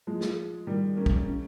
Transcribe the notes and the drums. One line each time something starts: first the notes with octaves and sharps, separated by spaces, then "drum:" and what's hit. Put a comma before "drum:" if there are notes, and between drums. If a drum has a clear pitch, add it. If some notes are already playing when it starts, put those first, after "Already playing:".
F3 G#3
drum: snare
D#3 G3
A#3 C#4
drum: kick
C#4